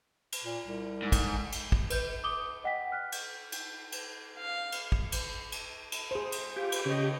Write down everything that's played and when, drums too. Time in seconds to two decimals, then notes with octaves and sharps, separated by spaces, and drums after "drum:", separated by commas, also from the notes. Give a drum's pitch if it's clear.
0.32 drum: cymbal
0.45 A#2
0.66 C2
1.02 G#2
1.12 drum: kick, cymbal
1.52 drum: cymbal
1.72 drum: kick
1.90 B4 G6, drum: cymbal
2.24 D6 D#6 G7
2.64 D#5 F#5 G5 B6
2.92 F6 F#6 B6
3.12 drum: cymbal
3.52 drum: cymbal
3.92 drum: cymbal
4.38 F5
4.72 drum: cymbal
4.92 drum: kick
5.12 drum: cymbal
5.52 drum: cymbal
5.92 drum: cymbal
6.11 G#4 C5
6.32 drum: cymbal
6.56 F4 G4
6.72 drum: cymbal
6.86 C#3 C#5 D#5